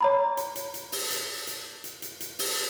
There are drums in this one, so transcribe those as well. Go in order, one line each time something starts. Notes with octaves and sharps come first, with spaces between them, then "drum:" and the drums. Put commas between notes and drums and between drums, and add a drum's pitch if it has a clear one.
C#5 A#5 B5
drum: hi-hat
drum: hi-hat
drum: hi-hat
drum: open hi-hat
drum: hi-hat
drum: hi-hat
drum: hi-hat
drum: hi-hat
drum: hi-hat
drum: open hi-hat